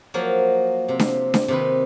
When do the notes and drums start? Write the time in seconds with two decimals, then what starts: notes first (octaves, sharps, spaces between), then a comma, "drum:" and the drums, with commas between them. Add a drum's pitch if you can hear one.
0.14 F3 F#3 A#3
0.88 C3
0.99 drum: snare D4
1.34 drum: snare D4
1.48 C3 D#3 B4